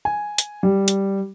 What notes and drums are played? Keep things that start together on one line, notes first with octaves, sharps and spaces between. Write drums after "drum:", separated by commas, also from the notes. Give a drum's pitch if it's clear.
G#5
drum: hi-hat
G3
drum: hi-hat